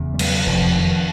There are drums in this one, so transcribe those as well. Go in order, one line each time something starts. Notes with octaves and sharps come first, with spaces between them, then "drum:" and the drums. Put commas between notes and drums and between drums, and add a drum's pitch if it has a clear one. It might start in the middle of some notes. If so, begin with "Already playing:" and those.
Already playing: E1 E2 C#3
G3
F#3, drum: cymbal
F1 F2 C3 F3
D#3